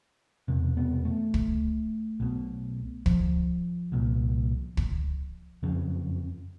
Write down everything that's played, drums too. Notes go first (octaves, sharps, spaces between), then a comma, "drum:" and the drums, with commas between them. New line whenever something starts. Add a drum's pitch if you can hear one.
E1 E2 C3
B3
A3
drum: kick
B1 B2
F3, drum: kick
C2 A#2
drum: kick
F#1 F2 C#3